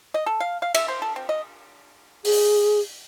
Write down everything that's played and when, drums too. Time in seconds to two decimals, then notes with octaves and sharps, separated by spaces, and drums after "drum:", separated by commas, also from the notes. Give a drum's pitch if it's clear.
0.14 D#5
0.26 A4
0.40 F5
0.62 F5
0.74 E5, drum: cymbal
0.88 C5
1.02 A4
1.16 C4
1.29 D#5
2.25 G#4, drum: open hi-hat